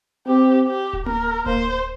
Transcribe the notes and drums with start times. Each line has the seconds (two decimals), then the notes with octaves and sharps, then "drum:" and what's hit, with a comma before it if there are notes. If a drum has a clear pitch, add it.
0.27 C4 G4
0.67 G4
0.93 drum: kick D1
1.06 A#4, drum: tom A#3
1.46 A#3 C5, drum: kick D1